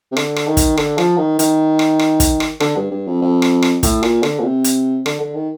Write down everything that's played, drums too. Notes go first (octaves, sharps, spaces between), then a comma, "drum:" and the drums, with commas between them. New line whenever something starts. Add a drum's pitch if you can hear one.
C3
D3, drum: rim click
drum: rim click
D#3
drum: kick, hi-hat
D3, drum: rim click
F3, drum: rim click
D#3
D#3, drum: hi-hat
drum: rim click
drum: rim click
drum: kick, hi-hat
drum: rim click
D3, drum: rim click
G2
G2
F2
F2
drum: rim click
drum: rim click
A2, drum: kick, hi-hat
A#2, drum: rim click
D3, drum: rim click
A#2
C3
drum: hi-hat
D3, drum: rim click
D3
D#3